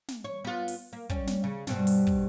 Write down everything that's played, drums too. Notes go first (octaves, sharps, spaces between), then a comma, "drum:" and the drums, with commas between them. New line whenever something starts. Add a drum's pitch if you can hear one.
drum: snare
C#5
B3 F4
drum: open hi-hat
A#3
G3 C#4, drum: kick, hi-hat
drum: snare
C#3
G2 B2 C4, drum: snare
drum: open hi-hat
drum: kick